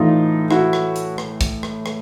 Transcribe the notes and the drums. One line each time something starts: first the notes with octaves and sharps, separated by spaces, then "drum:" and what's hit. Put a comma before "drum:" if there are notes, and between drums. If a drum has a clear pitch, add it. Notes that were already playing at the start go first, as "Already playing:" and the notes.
Already playing: A2 E3 D#4 F4
E4 F#4, drum: rim click
drum: rim click
drum: hi-hat
drum: rim click
drum: kick, hi-hat
drum: rim click
drum: rim click